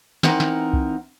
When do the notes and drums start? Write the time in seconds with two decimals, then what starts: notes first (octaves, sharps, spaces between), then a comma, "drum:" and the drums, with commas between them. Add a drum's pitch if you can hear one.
0.23 E3 C4 D#4 A#4 F#5, drum: snare
0.40 drum: snare
0.73 drum: kick C2